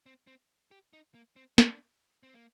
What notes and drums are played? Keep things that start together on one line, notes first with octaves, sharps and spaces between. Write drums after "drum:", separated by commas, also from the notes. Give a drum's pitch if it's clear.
C4
C4
G4
D#4
A#3
C4
D4, drum: snare
C4
A#3